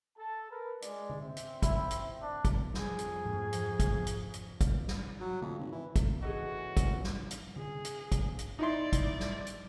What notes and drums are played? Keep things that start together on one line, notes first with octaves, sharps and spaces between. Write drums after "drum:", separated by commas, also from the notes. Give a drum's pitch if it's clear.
A4 A5
A#4 B4
G#3 D5, drum: hi-hat
drum: tom D3
C4 E5
drum: hi-hat
E4, drum: kick, hi-hat
drum: hi-hat
D4
drum: kick, hi-hat
F2 G#4, drum: snare
drum: hi-hat
drum: tom G#2
drum: hi-hat
drum: kick, hi-hat
drum: hi-hat
drum: hi-hat
drum: kick, hi-hat
drum: snare
F#3
F2, drum: tom D3
G#1
E3
drum: kick, hi-hat
E3 B3 C#4 F#4 G#4 A4 D#5
drum: kick, hi-hat
drum: snare
drum: hi-hat
G#4, drum: tom D3
drum: hi-hat
drum: kick, hi-hat
drum: hi-hat
D#4 E4 D5 C6
drum: kick, hi-hat
drum: snare
drum: hi-hat